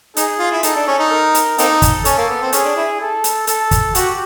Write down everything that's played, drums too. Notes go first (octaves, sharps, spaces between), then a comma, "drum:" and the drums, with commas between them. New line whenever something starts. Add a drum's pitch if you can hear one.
D#4 G#4, drum: hi-hat
F4
E4
D#4 A4, drum: hi-hat
D4
C#4
D#4
A#4
drum: hi-hat
A#3 C4 D#4 A4, drum: hi-hat
drum: kick, hi-hat
C#4 A4, drum: hi-hat
A#3
B3
C4
C#4 G#4, drum: hi-hat
D4
E4
A4
drum: hi-hat
A4, drum: hi-hat
drum: kick, hi-hat
F#4 G4, drum: hi-hat